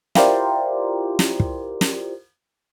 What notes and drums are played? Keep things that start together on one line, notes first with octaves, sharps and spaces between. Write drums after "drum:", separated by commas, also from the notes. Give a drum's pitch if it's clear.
E4 F4 G4 A#4 C5 D5, drum: snare
drum: snare
drum: kick
drum: snare